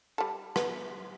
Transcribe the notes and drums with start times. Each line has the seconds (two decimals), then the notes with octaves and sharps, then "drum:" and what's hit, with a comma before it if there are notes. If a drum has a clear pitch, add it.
0.18 G3 A4
0.56 B3, drum: rim click